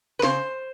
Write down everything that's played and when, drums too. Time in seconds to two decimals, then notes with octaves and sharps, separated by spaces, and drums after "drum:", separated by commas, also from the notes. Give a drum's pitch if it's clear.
0.19 B4
0.23 C#3 C5, drum: snare